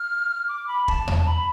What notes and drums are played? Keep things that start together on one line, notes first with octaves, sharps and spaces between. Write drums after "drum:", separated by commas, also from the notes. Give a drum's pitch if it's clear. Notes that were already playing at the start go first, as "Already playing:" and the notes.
Already playing: F6
D6
B5
A5, drum: kick
drum: tom E2
A5
B5